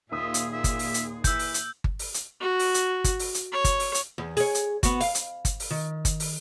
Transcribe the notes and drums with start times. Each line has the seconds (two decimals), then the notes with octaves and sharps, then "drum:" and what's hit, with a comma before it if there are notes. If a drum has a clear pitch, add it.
0.12 D#2 A#2 F4 G#4 E5 D#6
0.34 drum: hi-hat
0.53 F4 E5
0.64 drum: kick G1, hi-hat
0.79 drum: open hi-hat
0.94 drum: hi-hat
1.24 E3 E5 E6 G6, drum: kick G1, hi-hat
1.39 drum: open hi-hat
1.54 drum: hi-hat
1.84 drum: kick G1
1.99 drum: open hi-hat
2.14 drum: hi-hat
2.41 F#4
2.59 drum: open hi-hat
2.74 drum: hi-hat
3.04 drum: kick G1, hi-hat
3.19 drum: open hi-hat
3.34 drum: hi-hat
3.52 C#5
3.64 drum: kick G1, hi-hat
3.79 drum: open hi-hat
3.95 drum: hi-hat
4.18 E2
4.37 G#4 C#5, drum: open hi-hat
4.55 drum: hi-hat
4.83 B3 F#4, drum: kick G1, hi-hat
5.00 F5, drum: open hi-hat
5.15 drum: hi-hat
5.45 drum: kick G1, hi-hat
5.60 drum: open hi-hat
5.70 D#3
6.05 drum: kick G1, hi-hat
6.20 drum: open hi-hat